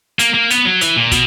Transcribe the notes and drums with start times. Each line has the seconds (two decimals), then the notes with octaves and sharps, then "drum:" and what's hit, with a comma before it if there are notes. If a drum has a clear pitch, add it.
0.19 A#3, drum: hi-hat
0.34 A#3
0.50 B3, drum: hi-hat
0.65 F#3
0.81 E3, drum: hi-hat
0.96 A#2
1.12 B2, drum: kick, hi-hat